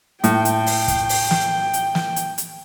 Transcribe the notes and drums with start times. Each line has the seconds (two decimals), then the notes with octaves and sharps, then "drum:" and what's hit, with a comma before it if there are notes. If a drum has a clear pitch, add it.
0.24 A2 G5, drum: hi-hat
0.45 drum: hi-hat
0.66 drum: open hi-hat
0.88 drum: kick, hi-hat
1.09 drum: open hi-hat
1.31 drum: snare
1.73 drum: hi-hat
1.95 drum: snare
2.16 drum: hi-hat
2.38 drum: hi-hat